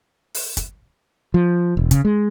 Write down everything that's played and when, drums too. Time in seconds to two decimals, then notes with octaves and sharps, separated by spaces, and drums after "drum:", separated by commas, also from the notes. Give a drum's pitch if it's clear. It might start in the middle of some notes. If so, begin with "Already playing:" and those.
0.34 drum: open hi-hat
0.57 drum: kick, hi-hat
1.34 F3
1.77 E1
1.91 C#3, drum: kick, hi-hat
2.05 G#3